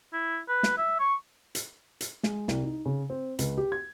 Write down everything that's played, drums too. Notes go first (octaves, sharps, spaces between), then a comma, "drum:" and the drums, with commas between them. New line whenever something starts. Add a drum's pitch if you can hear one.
E4
B4
drum: snare
E5
C#6
drum: hi-hat
drum: hi-hat
G#3, drum: snare
C2, drum: snare
D#4
C#3
C4
C#2, drum: hi-hat
G4
G#6